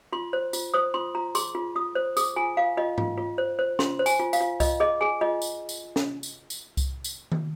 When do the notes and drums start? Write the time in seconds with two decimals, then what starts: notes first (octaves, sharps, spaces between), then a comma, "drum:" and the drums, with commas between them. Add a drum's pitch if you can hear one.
0.13 F4 C6
0.33 C5
0.53 F4, drum: tambourine
0.74 C5 D#6
0.94 F4 C6
1.15 F4 A#5
1.35 G#4 C6, drum: tambourine
1.55 F4
1.76 F4 D#6
1.95 C5
2.17 G#4 D#6, drum: tambourine
2.36 F4 G#5
2.57 F4 F5
2.77 F4 D#5
2.98 F4, drum: tom G#2
3.18 F4
3.38 C5
3.59 C5
3.79 F4 C6, drum: snare
3.99 C5
4.06 G#5, drum: tambourine
4.20 F4
4.33 F5, drum: tambourine
4.40 F4
4.60 F4 D#5, drum: kick C2, tambourine
4.80 G#4 D#5
5.01 G#4 G#5
5.21 F4 D#5
5.42 drum: tambourine
5.69 drum: tambourine
5.96 drum: snare
6.23 drum: tambourine
6.50 drum: tambourine
6.77 drum: kick C2, tambourine
7.04 drum: tambourine
7.32 drum: tom D#3